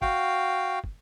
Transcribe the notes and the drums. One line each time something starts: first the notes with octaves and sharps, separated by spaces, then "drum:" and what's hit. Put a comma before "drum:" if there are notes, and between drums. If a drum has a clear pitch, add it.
F#4 F5 G5, drum: kick
drum: kick